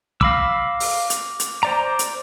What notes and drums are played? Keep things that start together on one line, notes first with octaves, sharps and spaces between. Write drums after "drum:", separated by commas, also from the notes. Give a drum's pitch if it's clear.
F5 B5 D6 E6 F6 A#6, drum: kick
drum: open hi-hat
drum: hi-hat
drum: hi-hat
C5 D5 A#5
drum: hi-hat